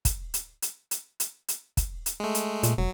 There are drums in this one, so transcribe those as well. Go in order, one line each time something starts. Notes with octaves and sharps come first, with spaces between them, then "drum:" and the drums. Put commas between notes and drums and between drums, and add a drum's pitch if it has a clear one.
drum: kick, hi-hat
drum: hi-hat
drum: hi-hat
drum: hi-hat
drum: hi-hat
drum: hi-hat
drum: kick, hi-hat
drum: hi-hat
G#3 A3
drum: hi-hat
A#2, drum: hi-hat
E1 F#3